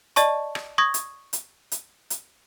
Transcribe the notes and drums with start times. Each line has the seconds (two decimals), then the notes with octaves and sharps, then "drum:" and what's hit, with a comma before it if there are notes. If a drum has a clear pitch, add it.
0.16 D5 D#5 A5 C#6, drum: hi-hat
0.55 drum: rim click
0.78 C#6 D#6 G#6 A#6
0.94 drum: hi-hat
1.33 drum: hi-hat
1.72 drum: hi-hat
2.10 drum: hi-hat